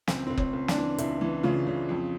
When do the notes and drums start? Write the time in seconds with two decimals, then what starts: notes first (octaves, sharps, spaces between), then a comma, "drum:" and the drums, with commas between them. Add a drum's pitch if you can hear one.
0.08 C#2 C4, drum: snare
0.27 C#2 C4
0.38 C#4, drum: kick F#1
0.53 C#2
0.68 D4, drum: snare
0.75 E3
0.98 C#2 E4, drum: hi-hat
1.21 E3
1.43 C#3 F4
1.67 C#3
1.89 F2